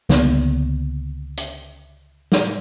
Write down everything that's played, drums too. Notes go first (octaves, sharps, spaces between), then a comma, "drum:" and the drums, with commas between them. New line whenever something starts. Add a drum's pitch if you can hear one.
C#2 D3 A#3 B3, drum: snare
drum: hi-hat
drum: snare